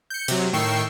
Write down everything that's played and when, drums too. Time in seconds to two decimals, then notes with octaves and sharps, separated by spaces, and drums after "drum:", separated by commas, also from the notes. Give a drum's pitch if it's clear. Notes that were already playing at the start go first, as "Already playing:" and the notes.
0.10 G6 C#7
0.28 C3 F#3, drum: cymbal
0.53 A2 D#3 G5 C#6 E6 C7